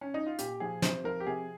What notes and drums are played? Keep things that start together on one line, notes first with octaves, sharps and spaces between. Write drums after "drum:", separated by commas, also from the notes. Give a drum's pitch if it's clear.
C#4
D#4
F4
A#2 G4, drum: hi-hat
F3 G#4
C3 C5, drum: snare
F3 A#4
G4
C3 G#4